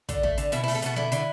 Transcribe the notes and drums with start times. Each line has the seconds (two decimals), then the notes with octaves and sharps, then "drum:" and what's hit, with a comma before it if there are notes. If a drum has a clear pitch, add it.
0.09 D3, drum: kick, hi-hat
0.23 A3, drum: kick
0.38 D3, drum: hi-hat
0.52 B2 E4, drum: hi-hat
0.64 E4
0.68 A3, drum: open hi-hat
0.75 A4
0.82 B2 F#4, drum: hi-hat
0.96 D3 E4, drum: snare
1.12 D3, drum: hi-hat